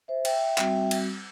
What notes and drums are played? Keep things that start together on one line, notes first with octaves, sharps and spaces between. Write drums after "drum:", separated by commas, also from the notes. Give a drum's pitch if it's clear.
C5 E5
E5 G5, drum: cymbal
G3 C4 F#4, drum: clap
drum: cymbal